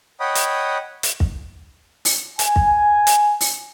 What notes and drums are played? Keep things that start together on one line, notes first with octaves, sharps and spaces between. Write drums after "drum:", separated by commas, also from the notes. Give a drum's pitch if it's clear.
C#5 D#5 F#5 G5 B5 D#6
drum: hi-hat
drum: hi-hat
drum: kick
drum: open hi-hat
G#5, drum: hi-hat
drum: kick
drum: hi-hat
drum: open hi-hat